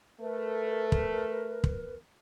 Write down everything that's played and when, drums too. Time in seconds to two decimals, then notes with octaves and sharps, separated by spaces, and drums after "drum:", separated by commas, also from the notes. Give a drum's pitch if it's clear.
0.20 A3 A#4 B4
0.92 drum: kick
1.64 drum: kick